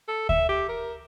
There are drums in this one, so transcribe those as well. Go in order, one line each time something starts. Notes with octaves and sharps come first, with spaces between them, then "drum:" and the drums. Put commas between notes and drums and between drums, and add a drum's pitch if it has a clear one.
A4
E5, drum: kick D2
G4
A#4